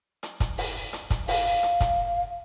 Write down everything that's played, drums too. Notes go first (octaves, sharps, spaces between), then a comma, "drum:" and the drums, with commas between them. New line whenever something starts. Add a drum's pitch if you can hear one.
drum: hi-hat
drum: kick, hi-hat
drum: open hi-hat
drum: hi-hat
drum: kick, hi-hat
F5, drum: open hi-hat
drum: hi-hat
drum: kick, hi-hat